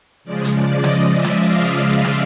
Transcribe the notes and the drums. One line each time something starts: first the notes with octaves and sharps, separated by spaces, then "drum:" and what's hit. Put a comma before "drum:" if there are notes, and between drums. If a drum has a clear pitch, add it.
C#3 F3 G#3 D5
drum: hi-hat
D5
D#5, drum: snare
E5
drum: snare
F5
drum: hi-hat
E5
drum: snare